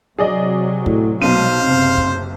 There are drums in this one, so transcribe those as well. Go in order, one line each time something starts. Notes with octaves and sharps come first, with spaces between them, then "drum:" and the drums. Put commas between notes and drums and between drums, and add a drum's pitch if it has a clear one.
C3 F#3 G#4 D5 D#5
A2, drum: kick
B1 B2 C5 F5 D#7, drum: tom
F#1 C3 C4
drum: kick